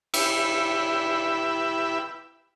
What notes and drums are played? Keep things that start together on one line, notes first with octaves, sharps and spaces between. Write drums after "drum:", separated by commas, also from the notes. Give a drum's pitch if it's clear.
E4 G4 B4 E5, drum: cymbal